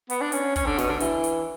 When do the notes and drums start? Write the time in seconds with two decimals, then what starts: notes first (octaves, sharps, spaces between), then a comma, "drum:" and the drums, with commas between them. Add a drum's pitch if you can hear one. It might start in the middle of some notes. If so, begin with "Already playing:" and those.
0.10 B3, drum: hi-hat
0.21 D4
0.32 C#4, drum: hi-hat
0.56 C#4, drum: kick, hi-hat
0.66 D3
0.78 B2, drum: snare
0.89 D3
1.00 E3, drum: hi-hat
1.24 drum: hi-hat